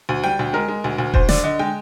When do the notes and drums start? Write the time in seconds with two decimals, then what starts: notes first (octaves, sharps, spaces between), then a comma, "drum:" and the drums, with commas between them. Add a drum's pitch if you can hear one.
0.09 D2
0.24 G3 G5
0.39 D2
0.53 G#3 A#4
0.68 G#3
0.84 D2
0.98 D2
1.14 D2 C5, drum: kick E1
1.29 D3 D5, drum: snare
1.44 D3 D#5
1.59 G#3 G5